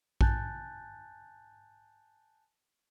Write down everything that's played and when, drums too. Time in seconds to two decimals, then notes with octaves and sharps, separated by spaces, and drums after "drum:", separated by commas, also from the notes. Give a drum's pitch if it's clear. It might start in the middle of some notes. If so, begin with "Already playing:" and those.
0.21 G#5 A5 F#6 G6 A6, drum: kick A#1